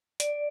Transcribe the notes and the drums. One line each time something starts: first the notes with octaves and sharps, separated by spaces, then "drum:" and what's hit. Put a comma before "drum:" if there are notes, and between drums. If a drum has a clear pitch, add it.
D5, drum: hi-hat